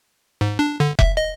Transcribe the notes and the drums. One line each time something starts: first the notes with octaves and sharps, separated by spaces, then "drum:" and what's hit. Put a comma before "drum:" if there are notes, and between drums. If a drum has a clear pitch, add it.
G#2
D4
D3
E5, drum: kick F1
D#5